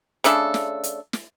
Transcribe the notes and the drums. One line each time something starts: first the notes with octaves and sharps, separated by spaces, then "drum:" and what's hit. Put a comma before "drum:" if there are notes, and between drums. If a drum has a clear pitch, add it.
C#3 A3 D4 A4, drum: hi-hat
drum: snare
drum: hi-hat
drum: snare